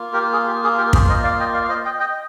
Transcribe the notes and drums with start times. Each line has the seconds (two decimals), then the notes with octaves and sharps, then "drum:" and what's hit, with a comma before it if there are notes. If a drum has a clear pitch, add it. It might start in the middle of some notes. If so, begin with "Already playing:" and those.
Already playing: A#3 F4
0.13 G4 A#4
0.33 G#4
0.47 G4
0.63 G#4
0.78 G4 A#4
0.93 G#4 C5, drum: kick
1.08 C5 D#5
1.23 D5 F5
1.40 D#5 G5
1.54 D5 F5
1.66 F5
1.69 C5 D#5
1.85 D#5 G5
1.99 D#5 G5